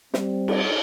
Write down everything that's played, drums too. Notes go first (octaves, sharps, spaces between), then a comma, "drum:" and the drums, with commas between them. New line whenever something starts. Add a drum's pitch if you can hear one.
G3 C4, drum: snare
drum: cymbal